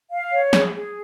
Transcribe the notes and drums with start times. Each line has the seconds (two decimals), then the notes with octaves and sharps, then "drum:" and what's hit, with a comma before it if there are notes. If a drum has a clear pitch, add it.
0.11 F5
0.32 C#5
0.53 G#4, drum: snare
0.74 G#4